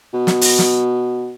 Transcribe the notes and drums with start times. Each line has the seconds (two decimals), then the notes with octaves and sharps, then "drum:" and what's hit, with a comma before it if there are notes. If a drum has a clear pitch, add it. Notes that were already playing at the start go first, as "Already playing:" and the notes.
0.14 B2
0.27 drum: snare
0.41 drum: open hi-hat
0.59 drum: snare